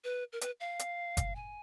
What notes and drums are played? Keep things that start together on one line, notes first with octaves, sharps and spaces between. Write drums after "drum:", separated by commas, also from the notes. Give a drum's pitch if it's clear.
B4
A#4
B4, drum: hi-hat
F5
drum: hi-hat
drum: kick F#1, hi-hat
G#5